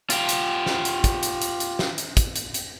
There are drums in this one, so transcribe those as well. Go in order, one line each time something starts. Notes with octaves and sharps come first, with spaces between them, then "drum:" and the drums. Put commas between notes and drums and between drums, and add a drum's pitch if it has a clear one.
F4 G4, drum: hi-hat
drum: hi-hat
drum: snare
drum: hi-hat
drum: kick, hi-hat
drum: hi-hat
drum: hi-hat
drum: hi-hat
drum: snare
drum: hi-hat
drum: kick, hi-hat
drum: hi-hat
drum: hi-hat